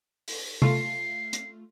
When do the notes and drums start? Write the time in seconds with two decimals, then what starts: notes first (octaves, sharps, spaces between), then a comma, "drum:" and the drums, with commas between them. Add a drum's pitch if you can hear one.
0.28 drum: open hi-hat
0.62 A3 F4 C7, drum: tom C3
1.33 drum: hi-hat